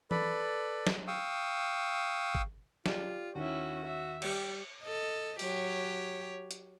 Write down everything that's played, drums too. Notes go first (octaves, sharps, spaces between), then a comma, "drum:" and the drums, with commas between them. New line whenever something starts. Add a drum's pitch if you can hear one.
A4 B4 D5 B5, drum: tom E3
drum: snare
F5 G5 C#6 D#6 E6
drum: kick G#1
F4 G4 D5, drum: snare
D#2 C#4 E4 F#4
E5
G3 G4, drum: cymbal
A4 D#5
F#3 G4 C#5, drum: open hi-hat
drum: hi-hat